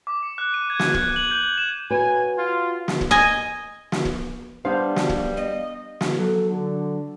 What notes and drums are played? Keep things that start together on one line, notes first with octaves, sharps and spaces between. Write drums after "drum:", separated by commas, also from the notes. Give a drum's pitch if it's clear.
D6
C#7
F#6
D#7
G#6
drum: snare
F#6, drum: kick
F#7
G6
E7
F#4 B4 C#5 G#5
F4
drum: snare
drum: kick
D#5 G#5
drum: snare
drum: kick
G3 B3 D4 C5 F5
drum: snare
drum: kick
D#5
drum: snare
F#3 A4
D3